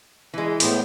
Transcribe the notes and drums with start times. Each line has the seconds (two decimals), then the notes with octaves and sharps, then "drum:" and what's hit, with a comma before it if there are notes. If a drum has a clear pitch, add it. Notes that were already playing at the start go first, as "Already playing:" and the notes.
0.34 E3 G#3
0.60 A2 B3 C5, drum: open hi-hat